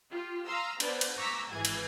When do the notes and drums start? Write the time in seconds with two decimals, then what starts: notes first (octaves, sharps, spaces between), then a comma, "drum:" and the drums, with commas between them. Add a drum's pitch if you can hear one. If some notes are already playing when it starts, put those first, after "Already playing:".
0.11 F4 G4
0.46 F5 A#5 C6 D#6 E6
0.80 B3 D4 B4 C5 D5, drum: cymbal
1.01 drum: cymbal
1.17 A#5 C#6 D6 E6 B6
1.51 G#1 E3 G#4 G#6
1.65 drum: cymbal